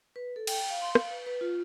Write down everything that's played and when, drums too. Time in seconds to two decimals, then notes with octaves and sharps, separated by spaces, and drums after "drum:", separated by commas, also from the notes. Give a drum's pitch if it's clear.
0.16 B4
0.36 A4
0.47 G5, drum: cymbal
0.70 F5
0.82 C6
0.95 F5, drum: rim click
1.11 B4
1.26 B4
1.41 F4